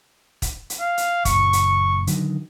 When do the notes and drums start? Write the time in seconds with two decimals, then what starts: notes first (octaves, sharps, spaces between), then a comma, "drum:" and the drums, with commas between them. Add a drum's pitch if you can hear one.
0.42 drum: kick, hi-hat
0.70 drum: hi-hat
0.80 F5
0.98 drum: hi-hat
1.25 F#1 A#2 C#6, drum: kick, hi-hat
1.53 drum: hi-hat
2.07 D3 D#3 F#3, drum: hi-hat